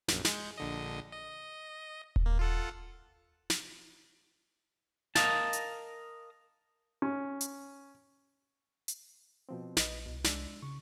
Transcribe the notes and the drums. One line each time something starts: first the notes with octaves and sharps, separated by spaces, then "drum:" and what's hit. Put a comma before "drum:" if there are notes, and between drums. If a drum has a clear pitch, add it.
A#1 F#2, drum: snare
G#3 G6 C#7, drum: snare
A#1 D3 D#5
D#5
drum: kick D#1
A#3
F4 A4 F#5
drum: snare
A#4 D#5 F5 A5, drum: snare
drum: hi-hat
C#4
drum: hi-hat
drum: hi-hat
B2 F3 C4
A#1 B4 D#5, drum: snare
C2 B2
G#3 D4 E6, drum: snare
C#3 C#6